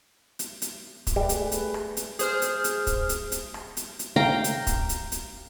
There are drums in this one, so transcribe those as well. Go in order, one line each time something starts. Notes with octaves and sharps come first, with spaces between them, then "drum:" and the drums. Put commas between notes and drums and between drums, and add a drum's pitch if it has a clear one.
drum: hi-hat
drum: hi-hat
drum: kick, hi-hat
G3 A3 G#4 B4
drum: hi-hat
drum: hi-hat
drum: rim click
drum: hi-hat
G#4 C5 F6, drum: hi-hat
drum: hi-hat
drum: hi-hat
drum: kick, hi-hat
drum: hi-hat
drum: hi-hat
drum: rim click
drum: hi-hat
drum: hi-hat
F5 G5 A#5
drum: hi-hat
drum: kick, hi-hat
drum: hi-hat
drum: hi-hat